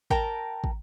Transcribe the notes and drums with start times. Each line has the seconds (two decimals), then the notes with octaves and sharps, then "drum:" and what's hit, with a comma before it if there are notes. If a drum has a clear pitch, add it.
0.10 A#4 G5 A5 A#5, drum: kick
0.64 drum: kick